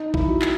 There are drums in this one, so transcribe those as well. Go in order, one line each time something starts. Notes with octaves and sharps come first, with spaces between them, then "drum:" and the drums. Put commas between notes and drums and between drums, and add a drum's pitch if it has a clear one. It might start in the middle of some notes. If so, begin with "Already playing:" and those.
Already playing: D#4
E4, drum: kick A1
F#4
drum: clap